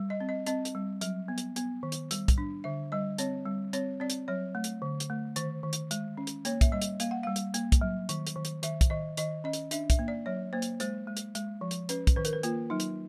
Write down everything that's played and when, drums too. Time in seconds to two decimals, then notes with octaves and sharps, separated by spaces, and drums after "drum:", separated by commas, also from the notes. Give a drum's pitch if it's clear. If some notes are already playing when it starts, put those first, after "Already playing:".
Already playing: G3
0.10 D#5
0.20 C4
0.29 D#5
0.46 C4 D#5, drum: hi-hat
0.65 drum: hi-hat
0.75 G3
1.01 F#3, drum: hi-hat
1.28 B3
1.38 drum: hi-hat
1.56 B3, drum: hi-hat
1.83 D#3
1.92 drum: hi-hat
2.11 G3, drum: hi-hat
2.28 drum: kick, hi-hat
2.38 D4
2.64 D3 E5
2.92 G3 D#5
3.18 C4 C#5, drum: hi-hat
3.46 G3
3.73 C4 C#5, drum: hi-hat
4.00 C4 D5
4.10 drum: hi-hat
4.28 F#3 C#5
4.55 A3
4.64 drum: hi-hat
4.82 D3
5.00 drum: hi-hat
5.10 A3
5.36 D#3 C5, drum: hi-hat
5.63 D#3
5.73 drum: hi-hat
5.91 G#3, drum: hi-hat
6.17 C#4
6.27 drum: hi-hat
6.45 A#3 C#5, drum: hi-hat
6.61 E5, drum: kick, hi-hat
6.72 G3 D#5
6.82 drum: hi-hat
7.00 A#3 F5, drum: hi-hat
7.11 F#5
7.23 G3 F5
7.36 drum: hi-hat
7.54 A#3, drum: hi-hat
7.72 drum: kick, hi-hat
7.81 F#3
8.09 D#3, drum: hi-hat
8.27 drum: hi-hat
8.36 D#3
8.45 drum: hi-hat
8.63 D#3 E5, drum: hi-hat
8.81 drum: kick, hi-hat
8.90 D#3 D#5
9.17 D#3 D#5, drum: hi-hat
9.44 C#4 D#5
9.53 drum: hi-hat
9.71 D4 E5, drum: hi-hat
9.90 E5, drum: kick, hi-hat
9.99 A#3
10.08 D5
10.26 F#3 C#5
10.53 A#3 C5
10.62 drum: hi-hat
10.80 G#3 C5, drum: hi-hat
11.07 G#3
11.17 drum: hi-hat
11.35 G#3, drum: hi-hat
11.61 F3
11.71 drum: hi-hat
11.89 C#4 B4, drum: hi-hat
12.07 drum: kick, hi-hat
12.16 D#3 B4
12.25 A#4, drum: hi-hat
12.33 B4
12.43 A#3 F4, drum: hi-hat
12.70 F#3 D#4
12.80 drum: hi-hat